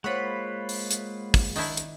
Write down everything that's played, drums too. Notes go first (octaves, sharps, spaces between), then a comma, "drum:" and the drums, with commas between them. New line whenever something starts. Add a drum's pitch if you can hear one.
G#3 A#3 F4 C5 C#5 F#5 B5 C#6
drum: open hi-hat
drum: hi-hat
drum: kick, open hi-hat
D#3 D4 E4, drum: open hi-hat
drum: hi-hat